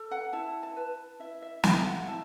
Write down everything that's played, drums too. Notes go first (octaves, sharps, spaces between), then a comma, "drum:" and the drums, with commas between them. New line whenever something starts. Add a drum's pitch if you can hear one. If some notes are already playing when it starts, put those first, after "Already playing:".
Already playing: A4
F#5
E4 A5
A5
B4
E4 E5
E5
A4 E5, drum: snare
F#5
E4 A5